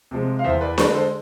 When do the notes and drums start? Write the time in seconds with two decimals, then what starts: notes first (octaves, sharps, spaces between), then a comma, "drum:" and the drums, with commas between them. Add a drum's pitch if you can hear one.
0.11 C3 F3 G#3
0.39 F5
0.44 E2 C5 E5
0.61 B4 D5
0.78 D3 G#3 B4 D5, drum: snare D4
0.94 A4 C5